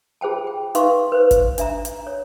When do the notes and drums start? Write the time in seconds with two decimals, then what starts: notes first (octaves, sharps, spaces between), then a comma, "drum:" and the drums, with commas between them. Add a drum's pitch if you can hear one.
0.21 F4 G#4 C5 G5 A5
0.47 G5
0.75 D#4 B4 E5 F5 C6 C#6, drum: hi-hat
1.12 B4 C5
1.31 drum: kick G1, hi-hat
1.58 D4 E5 A#5, drum: hi-hat
1.85 drum: hi-hat
2.07 C#5